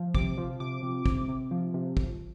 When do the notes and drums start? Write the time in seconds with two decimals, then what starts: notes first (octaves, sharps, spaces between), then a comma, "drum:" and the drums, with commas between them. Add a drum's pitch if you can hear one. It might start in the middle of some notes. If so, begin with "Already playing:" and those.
Already playing: F3
0.15 C3 D6, drum: kick
0.38 F3
0.60 C3 D6
0.82 C3
1.06 C3, drum: kick
1.28 C3
1.51 F3
1.74 C3
1.97 drum: kick